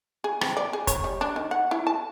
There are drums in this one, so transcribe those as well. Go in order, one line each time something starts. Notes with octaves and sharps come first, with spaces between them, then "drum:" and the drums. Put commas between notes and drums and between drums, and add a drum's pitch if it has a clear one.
G#4
C4, drum: rim click
D5
G#4
C#5, drum: kick, hi-hat
G3
D4
D#3
F#5
E4
A5